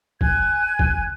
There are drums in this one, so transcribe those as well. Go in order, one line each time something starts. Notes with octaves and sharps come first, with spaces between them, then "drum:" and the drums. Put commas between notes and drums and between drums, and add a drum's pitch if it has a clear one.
G#5 F#6 G#6, drum: kick
drum: kick